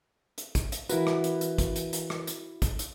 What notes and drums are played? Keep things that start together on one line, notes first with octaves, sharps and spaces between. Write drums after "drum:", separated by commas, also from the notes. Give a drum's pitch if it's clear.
drum: hi-hat
drum: kick, hi-hat
drum: hi-hat
E3 E4 F#4 A#4 B4, drum: hi-hat
drum: rim click
drum: hi-hat
drum: hi-hat
drum: kick, hi-hat
drum: hi-hat
drum: hi-hat
drum: rim click
drum: hi-hat
drum: kick, hi-hat
drum: hi-hat